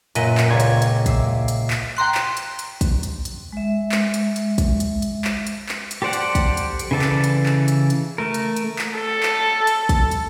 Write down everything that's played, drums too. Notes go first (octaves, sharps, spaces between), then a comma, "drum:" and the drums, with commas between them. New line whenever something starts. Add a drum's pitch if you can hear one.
F#2 A#2 B4 D#5, drum: hi-hat
drum: clap
C#2 A#2 D5 C#6 G#6
drum: hi-hat
drum: hi-hat
E5 D6 C7, drum: kick, hi-hat
drum: hi-hat
drum: clap
G5 A#5 C6 F#6
drum: clap
drum: hi-hat
drum: hi-hat
drum: kick, hi-hat
drum: hi-hat
drum: hi-hat
G#3 E5
drum: clap
drum: hi-hat
drum: hi-hat
drum: kick, hi-hat
drum: hi-hat
drum: hi-hat
drum: clap
drum: hi-hat
drum: clap
drum: hi-hat
G4 A4 C5 D5 F#5
drum: hi-hat
drum: kick, hi-hat
drum: hi-hat
drum: hi-hat
C#3 E3 A4 D5
drum: clap
drum: hi-hat
drum: clap
drum: hi-hat
drum: hi-hat
A3 A#4
drum: hi-hat
drum: hi-hat
drum: clap
A4
drum: clap
drum: hi-hat
drum: kick, hi-hat
drum: hi-hat